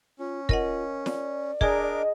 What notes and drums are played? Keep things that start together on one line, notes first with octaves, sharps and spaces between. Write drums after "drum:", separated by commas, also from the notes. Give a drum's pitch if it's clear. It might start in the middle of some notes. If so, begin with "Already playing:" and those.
C#4 F4
F4 A#4 D#5 F#5, drum: kick
D5, drum: snare
D4 G#4 A#4 D#5 G#5 A#5 D6, drum: kick